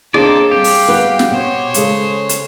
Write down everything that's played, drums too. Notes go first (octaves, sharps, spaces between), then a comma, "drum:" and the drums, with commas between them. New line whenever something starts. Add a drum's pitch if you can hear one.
D#2 A#3 C4 D4 G#4 A4 D5 D#5
G3 C4 G4 F5 G5
drum: open hi-hat
G3 B3 F#4 B4
drum: snare
B2 C5 C#5
C#3 G#3 A4, drum: hi-hat
drum: hi-hat